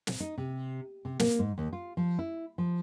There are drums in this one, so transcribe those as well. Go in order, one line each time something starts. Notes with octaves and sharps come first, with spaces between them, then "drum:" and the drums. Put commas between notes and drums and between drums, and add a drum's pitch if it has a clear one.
drum: snare
D#4
C3
C3
A#3, drum: snare
G#2
D#2
F4
F3
E4
F3